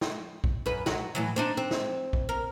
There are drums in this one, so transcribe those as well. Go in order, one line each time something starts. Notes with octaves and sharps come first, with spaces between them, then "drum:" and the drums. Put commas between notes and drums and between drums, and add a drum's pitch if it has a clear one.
drum: snare
drum: kick A#1
F#2 B4
F#3 F#4, drum: snare
A2 E3 F#3
C4 D4 D#4
C4
drum: snare
drum: kick A#1
A#4